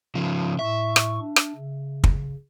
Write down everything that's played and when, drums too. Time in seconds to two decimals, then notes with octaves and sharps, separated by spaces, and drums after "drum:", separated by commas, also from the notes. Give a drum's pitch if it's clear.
0.15 C#3 F3
0.59 A2 E5 C#6
0.96 drum: rim click
1.20 D4
1.36 drum: rim click
1.55 C#3
2.04 drum: kick